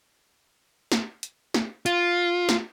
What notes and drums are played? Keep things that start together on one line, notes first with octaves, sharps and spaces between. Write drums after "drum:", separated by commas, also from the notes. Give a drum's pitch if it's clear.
drum: snare
drum: hi-hat
drum: snare
F4, drum: hi-hat
drum: snare